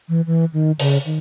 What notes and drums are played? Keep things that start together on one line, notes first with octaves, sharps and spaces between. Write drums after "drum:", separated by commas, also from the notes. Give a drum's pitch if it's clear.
E3
E3
D#3
C#3, drum: open hi-hat
D#3